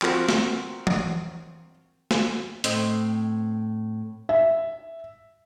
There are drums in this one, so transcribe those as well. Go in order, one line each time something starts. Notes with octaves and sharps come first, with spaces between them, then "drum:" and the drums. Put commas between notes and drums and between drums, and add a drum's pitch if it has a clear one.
F3 C4 F#4 A#4, drum: clap
drum: snare
drum: tom
drum: snare
A2 C4 C5 D#5, drum: hi-hat
E5